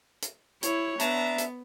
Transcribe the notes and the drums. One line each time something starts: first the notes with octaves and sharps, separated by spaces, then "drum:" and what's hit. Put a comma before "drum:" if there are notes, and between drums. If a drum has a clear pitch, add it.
drum: hi-hat
E4 C#5, drum: hi-hat
B3 D4 E5 A5 A#5, drum: hi-hat
drum: hi-hat